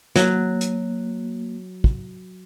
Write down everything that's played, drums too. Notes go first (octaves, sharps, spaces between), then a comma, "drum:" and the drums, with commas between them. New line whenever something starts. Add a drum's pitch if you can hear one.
F#3 A#3, drum: snare
drum: hi-hat
drum: kick